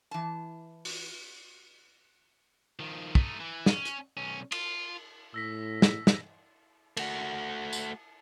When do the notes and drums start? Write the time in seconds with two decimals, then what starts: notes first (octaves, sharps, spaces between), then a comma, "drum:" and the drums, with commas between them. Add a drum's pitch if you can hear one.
0.11 E3 A5
0.85 drum: open hi-hat
2.79 D#3 F3
3.15 A3 D#4, drum: kick
3.40 E3
3.66 C#4, drum: snare
3.85 drum: hi-hat
4.17 B1 C#4
4.52 F4, drum: cymbal
5.34 A2 E6 A#6 B6
5.82 drum: snare
6.07 drum: snare
6.97 A3 F#4, drum: cymbal
7.73 drum: tambourine